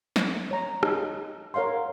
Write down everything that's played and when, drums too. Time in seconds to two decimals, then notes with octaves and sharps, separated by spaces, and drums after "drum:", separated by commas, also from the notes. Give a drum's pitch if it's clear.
0.16 drum: snare
0.51 C#5 A#5
0.83 D#4, drum: rim click
1.54 A#4 C#5 F5 F#5 C6